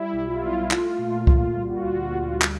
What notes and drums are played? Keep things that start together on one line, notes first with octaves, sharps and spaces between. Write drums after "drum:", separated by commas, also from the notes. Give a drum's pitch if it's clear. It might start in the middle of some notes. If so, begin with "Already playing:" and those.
Already playing: G3 E4
B1
F4
B3
A3, drum: clap
A#2
A#2, drum: kick C2
G3 F4
F#4
F4
F#4
D2 F4
F#4
F4
F#4
D2 F4
F#4
F4
G3, drum: clap